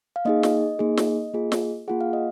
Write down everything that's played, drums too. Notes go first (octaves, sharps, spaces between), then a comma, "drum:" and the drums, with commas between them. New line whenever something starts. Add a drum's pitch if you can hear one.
F5
A#3 D#4 G#4 D#5
drum: snare
A#3 D#4 G#4
drum: snare
A#3 F4 G#4
drum: snare
A#3 F4 G#4 F#5
F5
D#5